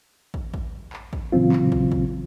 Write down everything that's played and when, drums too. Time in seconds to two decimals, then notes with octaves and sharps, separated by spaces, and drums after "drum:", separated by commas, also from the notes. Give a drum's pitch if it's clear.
0.34 drum: kick
0.54 drum: kick
0.93 drum: clap
1.13 drum: kick
1.32 A#2 C#3 E3 F#3 C4 F4
1.52 drum: clap
1.72 drum: kick
1.92 drum: kick